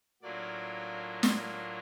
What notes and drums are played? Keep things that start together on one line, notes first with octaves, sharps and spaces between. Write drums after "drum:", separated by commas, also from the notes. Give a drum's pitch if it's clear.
A2 F#3 A#3 D4 F4 D5
drum: snare